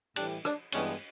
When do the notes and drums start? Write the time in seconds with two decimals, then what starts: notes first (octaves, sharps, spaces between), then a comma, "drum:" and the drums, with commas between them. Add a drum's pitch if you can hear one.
0.16 A2 E3 G3 D4, drum: cymbal
0.45 D4, drum: rim click
0.72 G2 E3 G#3 B3 C#4, drum: cymbal